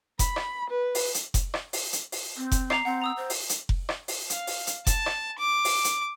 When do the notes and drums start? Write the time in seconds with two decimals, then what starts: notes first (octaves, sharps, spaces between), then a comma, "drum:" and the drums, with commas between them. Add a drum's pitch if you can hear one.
0.19 B5, drum: kick F1, hi-hat
0.36 drum: rim click
0.70 B4
0.95 drum: open hi-hat
1.14 drum: hi-hat
1.34 drum: kick F1, hi-hat
1.54 drum: rim click
1.73 drum: open hi-hat
1.93 drum: hi-hat
2.12 drum: open hi-hat
2.37 C4
2.52 drum: kick F1, hi-hat
2.70 A#5 D6 C7, drum: rim click
2.85 C4 F#5
3.02 A#5 D#6 E6
3.17 C5
3.30 drum: open hi-hat
3.49 drum: hi-hat
3.69 drum: kick F1
3.89 drum: rim click
4.08 drum: open hi-hat
4.30 F5, drum: hi-hat
4.47 drum: open hi-hat
4.67 drum: hi-hat
4.87 A5, drum: kick F1, hi-hat
5.06 drum: rim click
5.38 D6
5.65 drum: open hi-hat
5.84 drum: hi-hat